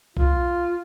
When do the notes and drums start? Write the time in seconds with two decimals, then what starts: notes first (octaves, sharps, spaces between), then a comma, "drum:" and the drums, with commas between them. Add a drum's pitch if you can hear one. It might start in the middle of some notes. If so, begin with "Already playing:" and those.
0.17 F4, drum: kick B1